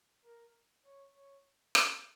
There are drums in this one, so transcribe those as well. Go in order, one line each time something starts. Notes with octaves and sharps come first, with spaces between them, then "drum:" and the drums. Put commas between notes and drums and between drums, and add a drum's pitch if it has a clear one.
A#4
C#5
C#5
drum: rim click